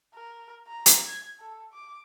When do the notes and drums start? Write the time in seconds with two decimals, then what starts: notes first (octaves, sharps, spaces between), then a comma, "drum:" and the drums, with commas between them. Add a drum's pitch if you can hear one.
0.14 A#4
0.67 A#5
0.86 drum: hi-hat
1.06 G#6
1.40 A4
1.73 D6